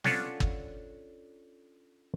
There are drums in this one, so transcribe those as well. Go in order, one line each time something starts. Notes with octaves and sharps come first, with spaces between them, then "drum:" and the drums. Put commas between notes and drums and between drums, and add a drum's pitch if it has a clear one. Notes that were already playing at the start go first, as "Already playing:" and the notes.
C#4 D4 F4 A4 C#5 F#5, drum: snare
drum: kick G1